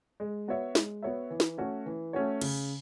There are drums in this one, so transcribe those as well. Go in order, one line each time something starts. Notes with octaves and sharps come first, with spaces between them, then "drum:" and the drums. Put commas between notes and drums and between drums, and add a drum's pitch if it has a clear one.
G#3
B3 F#4 C#5 E5
G#3, drum: snare
B3 F#4 C#5 E5
E3
drum: snare
A3 C#4 F#4 C#5
E3
A3 C#4 F#4 C#5
C#3, drum: cymbal